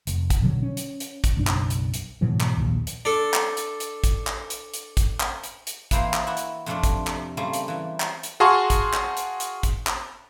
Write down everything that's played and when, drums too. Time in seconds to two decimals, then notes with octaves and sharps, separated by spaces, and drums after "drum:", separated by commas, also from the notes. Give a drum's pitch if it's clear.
0.07 F1, drum: hi-hat
0.30 drum: kick, hi-hat
0.42 B2 D3 F#3
0.63 C#4
0.77 drum: hi-hat
1.00 drum: hi-hat
1.24 drum: kick, hi-hat
1.37 F#1 B1 D4
1.47 drum: clap
1.70 drum: hi-hat
1.94 drum: hi-hat
2.21 G#2 B2 E3 F#3
2.40 drum: clap
2.57 A#1 D#2
2.87 drum: hi-hat
3.05 D4 A4
3.34 drum: clap
3.57 drum: hi-hat
3.80 drum: hi-hat
4.04 drum: kick, hi-hat
4.27 drum: clap
4.50 drum: hi-hat
4.74 drum: hi-hat
4.97 drum: kick, hi-hat
5.20 drum: clap
5.44 drum: hi-hat
5.67 drum: hi-hat
5.91 E3 A#3 E4 C5 G5 A#5, drum: kick, hi-hat
6.14 drum: clap
6.27 E4 F#4
6.37 drum: hi-hat
6.66 F2 C3 A3 C4 D4 D5
6.83 drum: kick, hi-hat
7.07 drum: clap
7.37 C#3 G3 A3 A#3 C4
7.53 drum: hi-hat
7.68 E3 G3
8.00 drum: clap
8.23 drum: hi-hat
8.40 F#4 G#4 F5 A5 C6 C#6
8.70 drum: kick, hi-hat
8.93 drum: clap
9.17 drum: hi-hat
9.40 drum: hi-hat
9.63 drum: kick, hi-hat
9.87 drum: clap